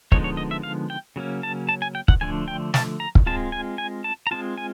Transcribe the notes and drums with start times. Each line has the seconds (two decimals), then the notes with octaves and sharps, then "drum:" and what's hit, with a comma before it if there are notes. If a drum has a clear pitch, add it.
0.12 D3 F3 G#3 B3 D#4 C#5, drum: kick
0.24 C#5
0.37 D#5
0.51 E5
0.63 F5
0.90 G5
1.16 C#3 F#3 A#3 C#4
1.43 A5
1.69 A5
1.82 G#5
1.95 G5
2.08 F#5, drum: kick
2.21 D3 F3 A3 D4 G#5
2.48 G5
2.74 A5, drum: snare
3.00 A#5
3.15 drum: kick
3.26 G#3 C4 F4 A5
3.52 G#5
3.78 G#5
4.04 A5
4.27 A#5
4.31 G#3 C4 F4 A5
4.58 G#5